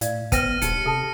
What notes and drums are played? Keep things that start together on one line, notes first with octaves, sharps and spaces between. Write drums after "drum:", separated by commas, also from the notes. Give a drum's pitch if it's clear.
A2 D5 F5, drum: hi-hat
B3 B4 C5 G5 F6 A#6 D#7, drum: kick, hi-hat
D#1 D#4 G4 C#7, drum: hi-hat
C3 A4 A5